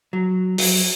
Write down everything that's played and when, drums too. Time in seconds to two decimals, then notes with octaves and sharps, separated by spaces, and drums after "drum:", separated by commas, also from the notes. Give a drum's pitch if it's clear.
0.13 F#3
0.58 F#3, drum: open hi-hat